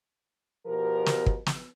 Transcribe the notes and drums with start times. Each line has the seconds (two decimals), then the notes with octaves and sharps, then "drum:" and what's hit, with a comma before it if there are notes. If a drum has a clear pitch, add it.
0.66 B2 F3 G4 A#4
1.06 drum: snare
1.26 drum: kick
1.46 drum: snare